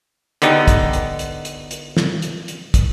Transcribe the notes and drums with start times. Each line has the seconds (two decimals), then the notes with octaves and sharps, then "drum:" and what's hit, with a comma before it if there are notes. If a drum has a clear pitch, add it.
0.42 D3 B3 D#4 G4, drum: hi-hat
0.68 drum: kick, hi-hat
0.93 drum: hi-hat
1.19 drum: hi-hat
1.45 drum: hi-hat
1.71 drum: hi-hat
1.97 drum: snare
2.22 drum: hi-hat
2.48 drum: hi-hat
2.74 drum: kick, hi-hat